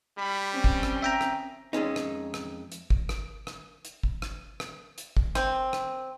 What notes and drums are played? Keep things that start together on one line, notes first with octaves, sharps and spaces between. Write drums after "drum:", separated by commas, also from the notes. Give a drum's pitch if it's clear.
G3 B5
C4 C#4
drum: kick
drum: rim click
E5 G5 A#5
drum: rim click
F2 G#3 C#4 D#4
drum: rim click
drum: rim click
drum: hi-hat
drum: kick
drum: rim click
drum: rim click
drum: hi-hat
drum: kick
drum: rim click
drum: rim click
drum: hi-hat
drum: kick
C4, drum: rim click
drum: rim click